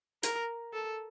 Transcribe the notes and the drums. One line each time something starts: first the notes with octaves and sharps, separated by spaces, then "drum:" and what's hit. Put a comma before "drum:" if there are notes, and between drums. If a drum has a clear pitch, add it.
A#4, drum: hi-hat
A4